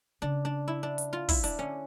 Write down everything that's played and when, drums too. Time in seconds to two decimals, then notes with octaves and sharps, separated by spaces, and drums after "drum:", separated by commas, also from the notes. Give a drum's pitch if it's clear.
0.22 C#3 D4
0.45 D4
0.68 E4
0.83 D4
0.98 drum: hi-hat
1.13 F4
1.29 F3 E4, drum: kick, open hi-hat
1.44 E3 D4, drum: hi-hat
1.59 D3 C#4